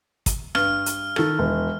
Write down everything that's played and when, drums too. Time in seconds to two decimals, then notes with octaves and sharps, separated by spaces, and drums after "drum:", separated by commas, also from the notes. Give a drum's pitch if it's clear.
0.26 drum: kick, hi-hat
0.55 G2 F6, drum: rim click
0.86 drum: hi-hat
1.16 D#3 A4, drum: rim click
1.39 E1